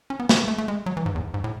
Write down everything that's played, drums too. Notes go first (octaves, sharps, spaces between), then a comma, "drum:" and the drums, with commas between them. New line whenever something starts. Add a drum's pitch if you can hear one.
C#4
B3
A3, drum: snare
A3
A3
G#3
F#3
E3
G#2
E2
G#2
A2